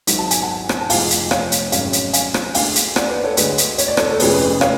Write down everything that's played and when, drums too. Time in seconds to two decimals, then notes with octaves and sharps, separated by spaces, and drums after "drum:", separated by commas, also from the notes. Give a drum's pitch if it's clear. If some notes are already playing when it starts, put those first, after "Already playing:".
0.07 G#1 G#2 F#3, drum: hi-hat
0.18 A5
0.31 G#5, drum: hi-hat
0.42 F#5 A5
0.69 drum: rim click
0.81 A5
0.90 F1 F2 F3 G#3 F5 G#5, drum: open hi-hat
1.10 drum: hi-hat
1.31 C#5 F5, drum: rim click
1.52 drum: hi-hat
1.72 G#1 F#2 C#3 G#3 C#5 F5, drum: hi-hat
1.93 drum: hi-hat
2.13 F5 G#5, drum: hi-hat
2.34 drum: rim click
2.55 D2 D3 G#3 F5 G#5, drum: open hi-hat
2.75 drum: hi-hat
2.96 D5 F#5, drum: rim click
3.10 B4 D5
3.24 A4 C#5
3.37 D2 D3 G#3 G#4 B4, drum: hi-hat
3.58 drum: hi-hat
3.78 C#5, drum: hi-hat
3.88 D5
3.97 A4 C#5, drum: rim click
4.11 A4
4.20 F1 F2 C#3 G#3 G#4 B4, drum: open hi-hat
4.34 G#4 B4
4.61 C#5 F5, drum: rim click